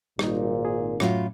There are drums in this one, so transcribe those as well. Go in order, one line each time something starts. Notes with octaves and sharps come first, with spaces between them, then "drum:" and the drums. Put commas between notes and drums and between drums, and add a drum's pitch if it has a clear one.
G#1 A#2 G3 D#4, drum: rim click
G#4
F#2 A2 F#3 C#4 F4, drum: rim click